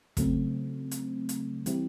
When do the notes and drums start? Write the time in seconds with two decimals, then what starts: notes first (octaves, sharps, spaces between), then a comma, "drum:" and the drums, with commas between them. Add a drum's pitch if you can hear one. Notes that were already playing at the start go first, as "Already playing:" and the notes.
0.17 C#3 F#3 A3 C4, drum: kick, hi-hat
0.91 drum: hi-hat
1.29 drum: hi-hat
1.66 E3 G3 C4 E4 G4, drum: hi-hat